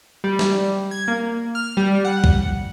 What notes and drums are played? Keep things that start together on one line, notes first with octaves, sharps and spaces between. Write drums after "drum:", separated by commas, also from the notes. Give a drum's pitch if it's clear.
G3
drum: snare
G#6
A#3
F6
G3
F#5
drum: kick C2